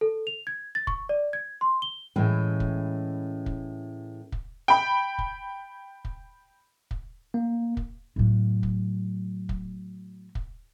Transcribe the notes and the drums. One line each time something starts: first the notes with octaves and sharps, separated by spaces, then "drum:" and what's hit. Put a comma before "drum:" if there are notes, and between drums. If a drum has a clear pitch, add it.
A4
F7
G#6
A6
C#6, drum: kick
D5
G#6
C6
G7
A2 E3 G#3 C#4 G5
drum: kick
drum: kick
drum: kick
G5 B5
drum: kick
drum: kick
drum: kick
A#3
drum: kick
A2 F#3
drum: kick
drum: kick
drum: kick